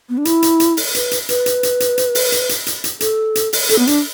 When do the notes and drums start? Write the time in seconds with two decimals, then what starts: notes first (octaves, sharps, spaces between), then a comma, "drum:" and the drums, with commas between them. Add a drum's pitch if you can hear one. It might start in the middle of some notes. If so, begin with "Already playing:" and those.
0.09 B3
0.18 D4
0.25 E4, drum: hi-hat
0.42 drum: hi-hat
0.60 drum: hi-hat
0.77 drum: open hi-hat
0.95 B4, drum: hi-hat
1.11 drum: hi-hat
1.29 B4, drum: hi-hat
1.46 drum: hi-hat
1.63 drum: hi-hat
1.80 drum: hi-hat
1.98 drum: hi-hat
2.15 drum: open hi-hat
2.32 drum: hi-hat
2.49 drum: hi-hat
2.67 drum: hi-hat
2.84 drum: hi-hat
3.00 A4, drum: hi-hat
3.35 drum: hi-hat
3.53 drum: open hi-hat
3.69 A4, drum: hi-hat
3.79 B3
3.87 D4, drum: hi-hat